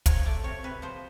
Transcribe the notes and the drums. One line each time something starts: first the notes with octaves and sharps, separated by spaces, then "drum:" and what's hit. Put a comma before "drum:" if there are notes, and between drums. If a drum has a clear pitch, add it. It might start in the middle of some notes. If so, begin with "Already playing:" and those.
F3 C#5, drum: kick, hi-hat
A3 D5
C3 C#5
C3 B4
F3 C5